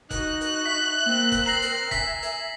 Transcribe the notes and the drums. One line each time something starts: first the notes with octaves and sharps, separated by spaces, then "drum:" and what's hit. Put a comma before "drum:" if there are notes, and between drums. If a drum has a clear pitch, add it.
D#4 F#4 F#6, drum: kick F1, hi-hat
drum: hi-hat
E5 B6
A#3 C4 A#4
drum: kick F1, hi-hat
A#5 A#6 C7 F#7
drum: hi-hat
E5 G#5 B6, drum: kick F1, hi-hat
drum: hi-hat